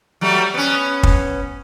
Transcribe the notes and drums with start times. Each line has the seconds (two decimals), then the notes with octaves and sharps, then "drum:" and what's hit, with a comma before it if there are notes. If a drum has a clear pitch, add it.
0.21 F#3 G3 A3
0.54 B3 C#4
1.03 drum: kick